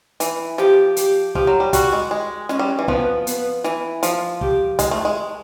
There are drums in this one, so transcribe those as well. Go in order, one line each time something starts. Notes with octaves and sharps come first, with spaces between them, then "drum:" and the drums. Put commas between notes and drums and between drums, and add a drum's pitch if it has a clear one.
E3, drum: hi-hat
F3 G4, drum: snare
G4, drum: hi-hat
F3 G4, drum: kick
F#3
G3
G3 F#4, drum: kick, hi-hat
G#3
G#3
G#3 C#4, drum: snare
G3
E3
F3 B3, drum: kick
B3, drum: hi-hat
E3, drum: snare
F3, drum: hi-hat
G4, drum: kick
G#3, drum: kick, hi-hat
A3
G#3